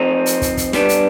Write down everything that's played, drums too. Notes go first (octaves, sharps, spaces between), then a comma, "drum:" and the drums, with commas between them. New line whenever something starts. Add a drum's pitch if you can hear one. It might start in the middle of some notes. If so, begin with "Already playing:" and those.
Already playing: F3 C4 D#4
drum: hi-hat
drum: kick, hi-hat
drum: kick, hi-hat
G3 B3 D4, drum: snare
drum: hi-hat